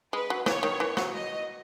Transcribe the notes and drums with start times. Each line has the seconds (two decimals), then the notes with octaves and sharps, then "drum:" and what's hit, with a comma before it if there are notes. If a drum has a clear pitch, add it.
0.13 G#3 B4
0.30 F#3
0.46 E3 C#5, drum: snare
0.63 D#3
0.80 E3
0.97 F#3, drum: snare
1.14 D#5